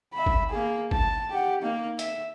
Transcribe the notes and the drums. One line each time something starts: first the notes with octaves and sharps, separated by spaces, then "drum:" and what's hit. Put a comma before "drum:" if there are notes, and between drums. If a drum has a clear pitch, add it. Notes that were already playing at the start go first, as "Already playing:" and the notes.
E5 B5
drum: kick G#1
A#3 G#4
A5, drum: kick G#1
G4 F#5
A#3 D#4
E5, drum: hi-hat